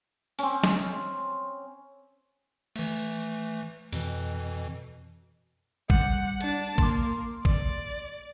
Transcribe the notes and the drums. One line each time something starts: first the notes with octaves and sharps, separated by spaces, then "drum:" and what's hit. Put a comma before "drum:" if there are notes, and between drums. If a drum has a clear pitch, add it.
C4 C#4, drum: open hi-hat
drum: snare
E3 A3, drum: cymbal
F2 B2 E3, drum: open hi-hat
G3 F#5, drum: kick
D4 A5, drum: hi-hat
A#3 C6 D6, drum: kick
D5, drum: kick